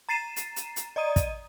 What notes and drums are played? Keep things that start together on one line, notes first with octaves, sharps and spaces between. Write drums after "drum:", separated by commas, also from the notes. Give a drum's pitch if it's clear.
A#5 A6 C7 D#7 E7
drum: hi-hat
drum: hi-hat
drum: hi-hat
D5 D#5 A#5 D#6 D#7
drum: kick, hi-hat